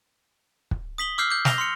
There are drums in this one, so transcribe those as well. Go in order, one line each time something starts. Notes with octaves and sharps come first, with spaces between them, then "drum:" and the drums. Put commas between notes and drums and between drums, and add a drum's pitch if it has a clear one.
drum: kick
D#6 B6 F#7 G7
D6 E6 F6 G6 C7
D6 G6
A#6 F7 G7, drum: snare
C6 F6 C#7